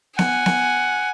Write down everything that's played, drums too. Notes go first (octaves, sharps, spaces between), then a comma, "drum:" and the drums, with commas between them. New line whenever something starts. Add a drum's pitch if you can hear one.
F#5 G#5, drum: snare B3
drum: snare B3